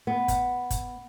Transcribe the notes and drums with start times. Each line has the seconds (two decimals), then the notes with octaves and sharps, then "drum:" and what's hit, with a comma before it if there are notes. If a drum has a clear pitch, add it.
0.07 B3
0.28 drum: kick, hi-hat
0.70 drum: kick, hi-hat